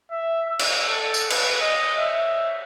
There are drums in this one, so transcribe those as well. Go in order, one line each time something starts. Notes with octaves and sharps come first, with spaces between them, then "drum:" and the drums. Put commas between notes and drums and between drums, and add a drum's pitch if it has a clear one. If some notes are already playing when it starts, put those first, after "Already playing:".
E5
E6
drum: cymbal
A4
drum: tambourine
B4, drum: cymbal
D#5
E5